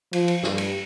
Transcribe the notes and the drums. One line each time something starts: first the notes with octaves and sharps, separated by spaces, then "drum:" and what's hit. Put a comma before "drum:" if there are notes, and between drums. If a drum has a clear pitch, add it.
F3, drum: cymbal
drum: cymbal
G2, drum: snare
drum: cymbal